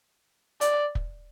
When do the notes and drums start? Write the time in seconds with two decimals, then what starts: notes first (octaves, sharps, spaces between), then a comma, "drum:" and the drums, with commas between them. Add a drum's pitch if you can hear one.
0.61 D5, drum: hi-hat
0.95 drum: kick